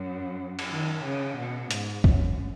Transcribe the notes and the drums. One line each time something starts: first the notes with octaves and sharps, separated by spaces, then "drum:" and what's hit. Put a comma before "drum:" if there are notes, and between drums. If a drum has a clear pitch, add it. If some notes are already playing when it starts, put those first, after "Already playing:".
Already playing: F#2
drum: cymbal
D#3
C#3
B2
G#2, drum: hi-hat
F#2, drum: kick